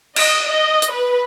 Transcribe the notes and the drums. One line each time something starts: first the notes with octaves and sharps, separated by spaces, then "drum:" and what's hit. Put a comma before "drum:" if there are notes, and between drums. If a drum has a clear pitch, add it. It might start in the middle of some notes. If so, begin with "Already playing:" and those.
D#5, drum: cymbal
D#5
drum: hi-hat
B4